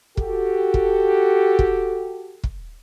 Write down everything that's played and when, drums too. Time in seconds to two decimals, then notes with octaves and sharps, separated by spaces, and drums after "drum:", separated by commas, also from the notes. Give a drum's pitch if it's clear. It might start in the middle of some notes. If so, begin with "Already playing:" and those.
0.17 F#4 G4 A4, drum: kick
0.74 drum: kick
1.59 drum: kick
2.44 drum: kick